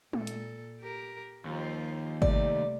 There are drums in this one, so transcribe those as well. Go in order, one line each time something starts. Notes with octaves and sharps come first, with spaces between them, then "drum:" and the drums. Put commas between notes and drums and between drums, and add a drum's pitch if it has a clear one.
A#2 A4, drum: tom G#3
drum: hi-hat
G4 A#4
D#2 F3 F4 C5
C3 G3 A3 D5, drum: kick G#1